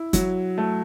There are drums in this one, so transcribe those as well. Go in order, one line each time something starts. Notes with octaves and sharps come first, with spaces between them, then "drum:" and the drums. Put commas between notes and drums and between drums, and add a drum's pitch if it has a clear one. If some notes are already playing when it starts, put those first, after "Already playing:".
Already playing: E4
F#3, drum: kick F#1, hi-hat
A3